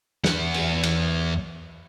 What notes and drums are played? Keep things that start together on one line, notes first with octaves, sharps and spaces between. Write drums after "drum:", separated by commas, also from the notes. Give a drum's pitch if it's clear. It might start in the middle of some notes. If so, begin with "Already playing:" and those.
E2 F#5, drum: snare
drum: cymbal
drum: cymbal